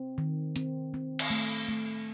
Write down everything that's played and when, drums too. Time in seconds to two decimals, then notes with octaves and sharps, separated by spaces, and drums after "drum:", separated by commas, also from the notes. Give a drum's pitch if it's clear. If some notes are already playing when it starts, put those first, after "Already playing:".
Already playing: C4
0.18 D#3
0.56 C4, drum: hi-hat
0.94 C4
1.19 drum: cymbal
1.30 A3
1.68 A3